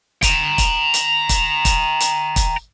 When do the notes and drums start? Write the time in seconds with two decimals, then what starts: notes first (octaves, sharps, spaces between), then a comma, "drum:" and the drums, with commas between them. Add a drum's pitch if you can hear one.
0.22 G5 A#5, drum: kick, hi-hat
0.58 drum: kick, hi-hat
0.94 drum: hi-hat
1.29 drum: kick, hi-hat
1.65 drum: kick, hi-hat
2.00 drum: hi-hat
2.36 drum: kick, hi-hat